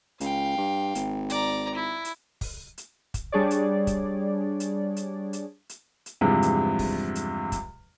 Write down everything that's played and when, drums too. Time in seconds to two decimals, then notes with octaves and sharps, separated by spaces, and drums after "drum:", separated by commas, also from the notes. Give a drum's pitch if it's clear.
0.20 C#2 F5 G5, drum: hi-hat
0.58 G2
0.95 G#1, drum: hi-hat
1.30 D5 A#5, drum: hi-hat
1.75 E4
2.05 drum: hi-hat
2.41 drum: kick, open hi-hat
2.78 drum: hi-hat
3.14 drum: kick, hi-hat
3.32 G3 D4 G#4 C#5 D5
3.51 drum: hi-hat
3.87 drum: kick, hi-hat
4.60 drum: hi-hat
4.96 drum: hi-hat
5.33 drum: hi-hat
5.69 drum: hi-hat
6.06 drum: hi-hat
6.21 E2 G2 C3 F3 G#3
6.42 drum: hi-hat
6.79 drum: kick, open hi-hat
7.15 drum: hi-hat
7.52 drum: kick, hi-hat